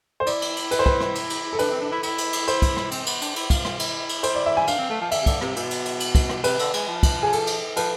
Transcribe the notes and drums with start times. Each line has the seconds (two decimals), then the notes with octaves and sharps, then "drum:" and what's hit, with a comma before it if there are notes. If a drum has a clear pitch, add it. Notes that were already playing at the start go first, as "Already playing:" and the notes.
0.20 C5
0.26 E4 D5, drum: cymbal
0.42 drum: cymbal
0.56 drum: cymbal
0.71 B4, drum: cymbal
0.79 C5
0.86 B4, drum: kick
1.01 drum: rim click
1.15 drum: cymbal
1.30 drum: cymbal
1.53 A4
1.59 D4 B4, drum: cymbal
1.71 C4
1.81 D4
1.92 E4
2.03 E4, drum: cymbal
2.18 drum: cymbal
2.33 drum: cymbal
2.48 C5, drum: cymbal
2.62 drum: kick, cymbal
2.77 drum: rim click
2.91 C4, drum: cymbal
3.06 B3, drum: cymbal
3.21 D4, drum: cymbal
3.36 E4, drum: cymbal
3.50 F4, drum: kick, cymbal
3.65 F4, drum: rim click
3.79 E4, drum: cymbal
4.09 drum: cymbal
4.23 C5, drum: cymbal
4.35 D5
4.46 E5
4.57 G#5
4.67 D4 F5, drum: cymbal
4.79 C4
4.90 A3
5.01 F3
5.11 D3 E5, drum: cymbal
5.22 C3
5.26 D3, drum: kick, cymbal
5.41 C3, drum: rim click
5.56 B2, drum: cymbal
5.71 drum: cymbal
5.85 drum: cymbal
6.00 drum: cymbal
6.15 drum: kick, cymbal
6.29 drum: rim click
6.44 C3 B4, drum: cymbal
6.59 D3, drum: cymbal
6.73 G#3, drum: cymbal
6.88 F3
7.03 drum: kick, cymbal
7.23 G#4
7.33 A4, drum: cymbal
7.47 drum: cymbal
7.76 F3 B4, drum: cymbal